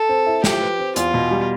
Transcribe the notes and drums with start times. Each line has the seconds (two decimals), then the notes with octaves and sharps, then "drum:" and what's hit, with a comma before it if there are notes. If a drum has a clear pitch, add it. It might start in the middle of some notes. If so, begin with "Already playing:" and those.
Already playing: A4
0.09 C4
0.26 E4
0.44 F3 G4, drum: snare
0.62 B4
0.78 C4
0.96 E2 F4, drum: hi-hat
1.14 B2
1.31 G3